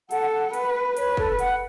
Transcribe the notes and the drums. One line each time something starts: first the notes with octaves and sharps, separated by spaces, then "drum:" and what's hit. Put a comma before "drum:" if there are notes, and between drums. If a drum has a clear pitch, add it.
A4 F#5, drum: hi-hat
F#5
B4 F#5, drum: hi-hat
B4 C#5, drum: hi-hat
A4, drum: kick
F#5, drum: hi-hat